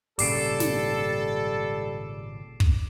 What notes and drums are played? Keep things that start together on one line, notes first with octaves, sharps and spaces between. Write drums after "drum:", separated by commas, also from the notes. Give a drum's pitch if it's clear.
G#1 A#2 C#3 G3 A4 D6 C7 D7, drum: open hi-hat
drum: snare
drum: kick